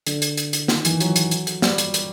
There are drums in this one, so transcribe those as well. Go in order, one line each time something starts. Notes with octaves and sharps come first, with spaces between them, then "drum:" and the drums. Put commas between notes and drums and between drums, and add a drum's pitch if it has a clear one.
D3, drum: hi-hat
drum: hi-hat
drum: hi-hat
drum: hi-hat
D#3, drum: snare
E3, drum: hi-hat
F#3, drum: hi-hat
drum: hi-hat
drum: hi-hat
drum: hi-hat
G3, drum: snare
drum: hi-hat
drum: hi-hat